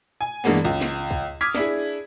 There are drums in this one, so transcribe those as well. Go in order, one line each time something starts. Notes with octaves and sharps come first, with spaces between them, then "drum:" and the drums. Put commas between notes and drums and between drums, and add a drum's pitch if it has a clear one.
G#5
G2 E3 G#3 A#3 B3
C#2
drum: snare
drum: kick C2
D6 D#6 F6 G#6 B6
D4 E4 G#4, drum: snare